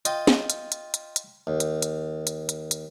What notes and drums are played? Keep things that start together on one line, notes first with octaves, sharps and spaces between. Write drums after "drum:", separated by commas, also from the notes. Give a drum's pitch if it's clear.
F4 D#5 G5, drum: hi-hat
drum: snare
drum: hi-hat
drum: hi-hat
drum: hi-hat
drum: hi-hat
D#2
drum: hi-hat
drum: hi-hat
drum: hi-hat
drum: hi-hat
drum: hi-hat